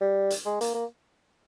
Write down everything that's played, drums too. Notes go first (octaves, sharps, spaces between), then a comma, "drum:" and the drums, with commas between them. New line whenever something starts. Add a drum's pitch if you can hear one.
G3
drum: hi-hat
G#3
A#3, drum: hi-hat
A#3